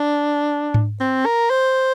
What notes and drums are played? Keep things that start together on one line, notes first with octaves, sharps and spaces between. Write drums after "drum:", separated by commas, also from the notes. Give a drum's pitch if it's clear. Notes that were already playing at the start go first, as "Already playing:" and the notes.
Already playing: D4
drum: tom G#2
C4
A#4
C5